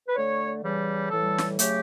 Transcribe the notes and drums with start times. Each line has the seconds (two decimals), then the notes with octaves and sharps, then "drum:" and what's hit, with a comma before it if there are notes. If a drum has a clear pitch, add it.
0.08 B4
0.16 D3 A3 C#5
0.63 C#3 E3 G3
1.11 A2 E3 G3 A4
1.38 drum: snare
1.59 C#3 F#3 A3 G4, drum: hi-hat